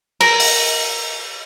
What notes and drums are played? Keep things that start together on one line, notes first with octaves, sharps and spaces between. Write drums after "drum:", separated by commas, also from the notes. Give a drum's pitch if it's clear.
A#4, drum: cymbal
drum: open hi-hat